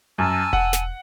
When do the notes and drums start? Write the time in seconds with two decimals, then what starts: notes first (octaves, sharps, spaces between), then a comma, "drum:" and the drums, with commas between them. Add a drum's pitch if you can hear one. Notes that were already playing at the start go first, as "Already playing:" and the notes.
0.18 F#2 G#5 A5 E6
0.53 F#5, drum: kick E1
0.73 drum: snare